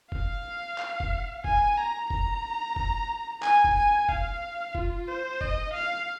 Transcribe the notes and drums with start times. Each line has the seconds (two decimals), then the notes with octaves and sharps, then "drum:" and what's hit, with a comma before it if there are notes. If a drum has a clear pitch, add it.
0.12 F5, drum: kick F1
0.78 drum: clap
1.00 drum: kick F1
1.44 G#5, drum: kick F1
1.77 A#5
2.10 A#5, drum: kick F1
2.76 drum: kick F1
3.43 G#5, drum: clap
3.64 drum: kick F1
3.76 G#5
4.09 F5, drum: kick F1
4.75 F4, drum: kick F1
5.08 C5
5.41 D#5, drum: kick F1
5.74 F5